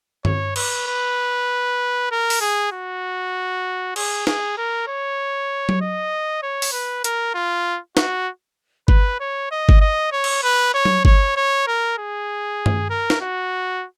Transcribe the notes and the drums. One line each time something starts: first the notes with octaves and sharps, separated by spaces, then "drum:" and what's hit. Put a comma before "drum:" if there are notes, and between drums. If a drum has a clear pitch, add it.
C#5, drum: tom G2
B4, drum: cymbal
B4
A#4
drum: open hi-hat
G#4
F#4
G#4, drum: cymbal
G#4, drum: snare
A#4
C#5
drum: tom F#3
D#5
C#5
drum: open hi-hat
B4
A#4, drum: hi-hat
F4
F#4, drum: snare
B4, drum: kick G1
C#5
D#5
drum: kick G1
D#5
C#5
drum: cymbal
B4
C#5
drum: tom F#3
C#5, drum: kick G1
C#5
A#4
G#4
drum: tom G2
A#4
drum: snare
F#4